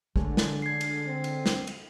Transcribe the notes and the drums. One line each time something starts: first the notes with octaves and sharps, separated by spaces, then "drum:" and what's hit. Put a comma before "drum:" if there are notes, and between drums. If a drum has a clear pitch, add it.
D3 G#3 A3 C#5, drum: kick
drum: snare
G#6 C7
drum: cymbal
C4
drum: cymbal
drum: snare
drum: cymbal